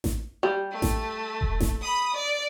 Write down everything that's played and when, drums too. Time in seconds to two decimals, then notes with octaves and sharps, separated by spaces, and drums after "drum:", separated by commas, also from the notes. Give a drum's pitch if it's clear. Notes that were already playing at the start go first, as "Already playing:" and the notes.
0.04 drum: snare A1
0.43 G3
0.71 A3
0.82 drum: snare A1
1.41 drum: kick E1
1.60 drum: snare A1
1.82 B5 D#6
2.14 D5